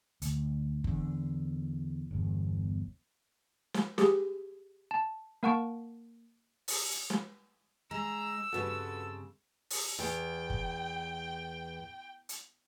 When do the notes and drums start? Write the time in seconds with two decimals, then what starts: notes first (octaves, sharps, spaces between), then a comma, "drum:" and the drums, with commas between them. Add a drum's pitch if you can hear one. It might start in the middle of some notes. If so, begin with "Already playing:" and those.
0.22 D2, drum: hi-hat
0.84 E2 D3, drum: kick F#1
2.11 G1 E2
3.74 drum: snare
3.98 G4 G#4, drum: snare
4.91 A5
5.43 A#3 A#4 F#5 A5 C#6 D7
6.68 drum: open hi-hat
6.91 drum: hi-hat
7.10 drum: snare
7.91 G#3 A#5 E6
8.52 G2 C#3 C4 F#4 A4 B4 E7
9.70 drum: open hi-hat
9.99 E2 G5
10.50 drum: kick F#1
12.29 drum: hi-hat